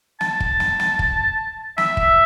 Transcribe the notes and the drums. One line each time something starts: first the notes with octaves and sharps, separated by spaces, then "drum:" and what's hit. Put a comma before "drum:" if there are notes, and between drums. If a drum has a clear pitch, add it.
A5, drum: snare
drum: kick
drum: snare
drum: snare
drum: kick
E5, drum: snare
drum: kick